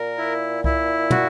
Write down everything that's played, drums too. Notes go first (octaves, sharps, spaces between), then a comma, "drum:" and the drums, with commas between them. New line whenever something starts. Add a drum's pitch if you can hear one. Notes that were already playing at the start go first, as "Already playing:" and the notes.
Already playing: A#2 A#4
E4
E4, drum: kick C2
F#4, drum: tom